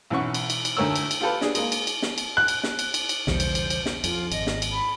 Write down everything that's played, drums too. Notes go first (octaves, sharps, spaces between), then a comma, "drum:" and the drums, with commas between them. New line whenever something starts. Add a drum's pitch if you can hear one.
B1 E3 C#4 F#5 C#6
drum: cymbal
drum: cymbal
drum: cymbal
D2 A3 A#4 C#5 E6
drum: cymbal
drum: cymbal
F4 G4 A4 B4
D4 G#4, drum: snare
G#3 A#3, drum: cymbal
drum: cymbal
drum: cymbal
drum: snare
drum: cymbal
F#6
drum: cymbal
drum: snare
drum: cymbal
drum: cymbal
drum: cymbal
B1 E2 C#3 E3 G3 C5 C#7, drum: snare
drum: cymbal
drum: cymbal
drum: cymbal
drum: snare
F2 F4, drum: cymbal
G#1 D#5, drum: cymbal
drum: snare
drum: cymbal
B5